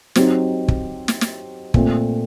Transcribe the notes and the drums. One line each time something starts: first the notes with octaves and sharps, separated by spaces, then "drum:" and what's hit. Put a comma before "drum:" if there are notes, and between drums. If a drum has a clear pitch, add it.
F#3 C4 D#4 G4, drum: snare
drum: kick
drum: snare
drum: snare
A#2 A3 C4, drum: kick